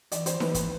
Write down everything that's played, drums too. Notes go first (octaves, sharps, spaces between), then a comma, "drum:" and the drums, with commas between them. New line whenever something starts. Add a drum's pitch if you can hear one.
E3 D5, drum: hi-hat
C5, drum: hi-hat
E3 B4, drum: snare D#4
drum: kick, hi-hat